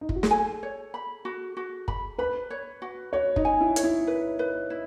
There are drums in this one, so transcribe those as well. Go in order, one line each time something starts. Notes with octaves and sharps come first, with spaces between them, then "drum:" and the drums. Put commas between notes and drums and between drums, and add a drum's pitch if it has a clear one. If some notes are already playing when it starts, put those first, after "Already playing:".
D#4
E4, drum: kick
F#4
G#4, drum: snare
A4 G#5
C#5
B5
F#4
F#4
B5, drum: kick
B4 B5
C#5
F#4
F#4 C#5
D#4, drum: kick
G#5
E4
C#5, drum: hi-hat
E4
B4
B4
E4